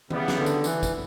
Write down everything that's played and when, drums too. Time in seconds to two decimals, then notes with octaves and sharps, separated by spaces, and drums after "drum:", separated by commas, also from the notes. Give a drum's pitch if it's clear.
0.11 C#3 E3 G3 B3, drum: tom D#3
0.28 drum: snare
0.37 D3
0.46 drum: tambourine
0.64 E3, drum: tambourine
0.83 drum: kick, tambourine